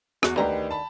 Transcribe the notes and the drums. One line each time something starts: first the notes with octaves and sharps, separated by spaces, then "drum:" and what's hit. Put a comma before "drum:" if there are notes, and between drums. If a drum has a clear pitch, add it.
E2 F#4, drum: rim click
D2 D3 D#3 G4 B4 A#5
A5 B5